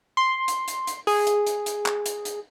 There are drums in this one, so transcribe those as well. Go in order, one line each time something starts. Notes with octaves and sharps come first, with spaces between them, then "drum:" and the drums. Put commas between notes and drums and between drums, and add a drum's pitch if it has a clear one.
C6
drum: hi-hat
drum: hi-hat
drum: hi-hat
G#4, drum: open hi-hat
drum: hi-hat
drum: hi-hat
drum: hi-hat
drum: clap
drum: hi-hat
drum: hi-hat